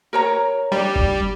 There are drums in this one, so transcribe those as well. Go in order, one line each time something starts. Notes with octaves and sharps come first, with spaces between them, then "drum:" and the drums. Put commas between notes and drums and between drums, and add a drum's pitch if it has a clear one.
A#4 C#5 A#5
G3 D4
drum: kick F#1